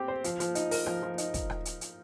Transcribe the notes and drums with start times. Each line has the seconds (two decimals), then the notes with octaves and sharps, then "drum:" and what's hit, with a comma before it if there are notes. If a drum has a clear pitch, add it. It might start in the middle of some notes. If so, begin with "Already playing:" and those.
Already playing: C4 G4
0.08 C5
0.24 F3, drum: hi-hat
0.40 F3, drum: hi-hat
0.55 D#4, drum: hi-hat
0.71 A#4, drum: open hi-hat
0.86 F3, drum: rim click
1.03 F3
1.18 D#4, drum: hi-hat
1.34 drum: kick, hi-hat
1.50 drum: rim click
1.65 drum: hi-hat
1.81 drum: hi-hat